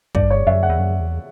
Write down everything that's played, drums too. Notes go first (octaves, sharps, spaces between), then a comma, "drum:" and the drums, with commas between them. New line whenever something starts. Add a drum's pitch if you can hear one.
G2 D5, drum: kick
C#5
F#2 E5
F#5
E2
F#2
E2